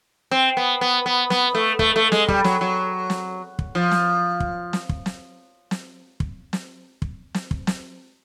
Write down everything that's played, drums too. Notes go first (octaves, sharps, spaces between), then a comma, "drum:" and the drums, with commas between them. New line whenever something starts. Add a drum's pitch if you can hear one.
C4
B3
B3
B3
B3, drum: snare
A3
A3, drum: kick
A3
G#3, drum: snare
G3, drum: kick
F#3, drum: snare
F#3
drum: snare
drum: kick
F3
drum: snare
drum: kick
drum: snare
drum: kick
drum: snare
drum: snare
drum: kick
drum: snare
drum: kick
drum: snare
drum: kick
drum: snare